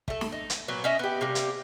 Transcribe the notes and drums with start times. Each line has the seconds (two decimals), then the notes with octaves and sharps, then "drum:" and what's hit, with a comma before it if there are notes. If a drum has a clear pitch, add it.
0.08 A3 A4, drum: kick
0.21 drum: snare
0.32 D#4
0.50 drum: hi-hat
0.68 A#2 F#3 B3
0.84 C#4 D#5 E5
0.99 B3 G4
1.21 C3 G3 A#3
1.35 drum: hi-hat